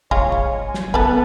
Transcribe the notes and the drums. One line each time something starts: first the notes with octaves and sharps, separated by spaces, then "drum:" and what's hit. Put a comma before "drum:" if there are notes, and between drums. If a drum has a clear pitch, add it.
G#3 F4 C#5, drum: kick
drum: kick
G#5
drum: snare
B3 A4 B4, drum: kick